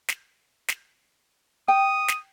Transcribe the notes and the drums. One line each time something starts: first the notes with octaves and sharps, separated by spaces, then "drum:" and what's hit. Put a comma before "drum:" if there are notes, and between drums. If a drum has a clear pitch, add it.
drum: snare
drum: snare
G5 D#6
drum: snare